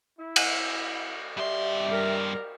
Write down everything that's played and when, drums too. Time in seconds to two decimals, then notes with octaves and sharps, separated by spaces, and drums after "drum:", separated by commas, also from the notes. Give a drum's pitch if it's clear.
0.18 E4
0.36 drum: cymbal
1.37 G2 G4 D5 E5 C6
1.91 A#4